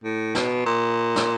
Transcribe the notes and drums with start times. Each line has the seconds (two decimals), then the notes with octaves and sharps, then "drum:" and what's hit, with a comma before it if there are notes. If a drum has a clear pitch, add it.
0.04 A2
0.35 B2, drum: snare
0.66 A#2
1.16 drum: snare